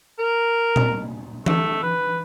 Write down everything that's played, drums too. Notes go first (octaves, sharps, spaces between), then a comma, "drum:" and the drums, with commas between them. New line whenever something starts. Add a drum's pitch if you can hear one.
A#4
drum: tom A#2
A3, drum: tom E3
B4